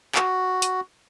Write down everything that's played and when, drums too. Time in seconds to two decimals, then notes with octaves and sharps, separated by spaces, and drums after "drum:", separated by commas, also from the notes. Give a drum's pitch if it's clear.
0.15 F#4, drum: clap
0.62 drum: hi-hat